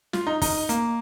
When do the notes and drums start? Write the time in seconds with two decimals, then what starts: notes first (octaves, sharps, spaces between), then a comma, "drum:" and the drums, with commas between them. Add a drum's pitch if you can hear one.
0.13 F4, drum: snare
0.27 D#4
0.42 D#4, drum: kick, open hi-hat
0.69 A#3, drum: hi-hat